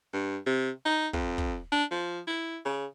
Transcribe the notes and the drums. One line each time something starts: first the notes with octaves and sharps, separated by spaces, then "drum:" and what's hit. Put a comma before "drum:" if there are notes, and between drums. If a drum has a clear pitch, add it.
G2
C3
D#4
F2, drum: kick
drum: kick
D4
F3
E4
C#3